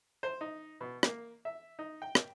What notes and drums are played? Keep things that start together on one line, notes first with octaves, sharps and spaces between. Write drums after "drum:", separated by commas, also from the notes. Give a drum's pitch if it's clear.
C5
D#4
B2
A#3, drum: rim click
E5
D#4
G5
drum: rim click